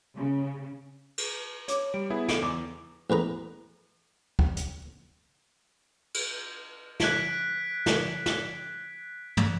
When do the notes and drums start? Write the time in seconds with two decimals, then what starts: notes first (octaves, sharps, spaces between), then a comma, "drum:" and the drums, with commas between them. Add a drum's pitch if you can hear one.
0.16 C#3
1.18 drum: cymbal
1.68 C#5 D6, drum: hi-hat
1.94 G3 D7
2.10 B3 E4 G#4
2.29 D7, drum: snare
2.42 E2 D6
3.10 A1 E2 B4 A#5
4.39 drum: kick
4.57 drum: hi-hat
6.14 drum: cymbal
7.00 F#6 G#6 B6 D7, drum: snare
7.86 drum: snare
8.26 drum: snare
9.37 drum: tom